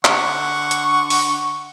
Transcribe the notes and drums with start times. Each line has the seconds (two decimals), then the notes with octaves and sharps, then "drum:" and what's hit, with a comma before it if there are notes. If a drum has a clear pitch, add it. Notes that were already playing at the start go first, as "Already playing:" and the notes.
0.05 D3 F#5 C#6, drum: clap
0.71 drum: hi-hat
1.10 drum: open hi-hat